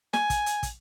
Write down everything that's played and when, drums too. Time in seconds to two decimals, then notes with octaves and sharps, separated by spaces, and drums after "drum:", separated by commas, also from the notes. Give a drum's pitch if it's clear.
0.13 G#5, drum: snare
0.30 drum: kick, hi-hat
0.46 drum: hi-hat
0.63 drum: kick, hi-hat